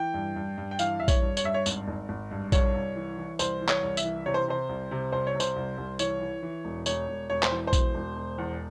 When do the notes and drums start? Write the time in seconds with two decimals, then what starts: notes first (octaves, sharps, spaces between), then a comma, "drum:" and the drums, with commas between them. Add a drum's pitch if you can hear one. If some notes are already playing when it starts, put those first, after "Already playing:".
Already playing: E3 G5
0.14 G2
0.36 G2
0.58 G2
0.71 G5
0.79 E3 F5, drum: tambourine
1.00 G2 E5
1.08 C#5, drum: kick A#1, tambourine
1.22 G2
1.37 C#5, drum: tambourine
1.44 G2 E5
1.54 C#5
1.66 G#1, drum: tambourine
1.88 G#1
2.09 G#1
2.31 G2
2.52 C2 C#5, drum: kick A#1, tambourine
2.74 C2
2.96 E3
3.18 E3
3.39 C2 C5, drum: tambourine
3.61 E3
3.68 C#5, drum: clap
3.83 C2
3.97 E5, drum: tambourine
4.04 E3
4.26 C3 C#5
4.34 C5
4.48 C3 C5
4.69 C2
4.91 C3
5.12 C2 C5
5.27 C#5
5.34 C3
5.40 C5, drum: tambourine
5.56 C2
5.78 C2
5.99 E3 C#5, drum: tambourine
6.21 E3
6.42 E3
6.65 E1
6.86 E1 C#5, drum: tambourine
7.08 E1
7.30 E1 C#5
7.43 C5, drum: clap
7.51 E3
7.67 C5
7.73 E1, drum: kick A#1, tambourine
7.95 E1
8.16 E1
8.38 E2